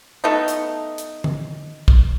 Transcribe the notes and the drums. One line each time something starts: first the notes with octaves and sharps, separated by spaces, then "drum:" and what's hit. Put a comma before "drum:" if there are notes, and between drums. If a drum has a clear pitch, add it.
A3 B3 D#4
drum: hi-hat
drum: hi-hat
drum: tom D3
drum: kick